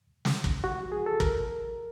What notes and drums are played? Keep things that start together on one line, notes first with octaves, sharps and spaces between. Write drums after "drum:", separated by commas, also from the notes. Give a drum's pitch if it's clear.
drum: snare
drum: kick
F#4
G#4
A4
A#4, drum: kick